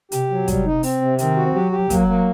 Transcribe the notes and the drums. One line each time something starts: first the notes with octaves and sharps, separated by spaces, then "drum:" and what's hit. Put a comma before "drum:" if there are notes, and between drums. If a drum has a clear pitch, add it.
C3 G4, drum: hi-hat
F#3
C3 G3, drum: kick, hi-hat
D#4
C4, drum: open hi-hat
C3
D#3 C4, drum: hi-hat
F#4
F#3 G4
G4
F#3 A#3, drum: kick, hi-hat
A#3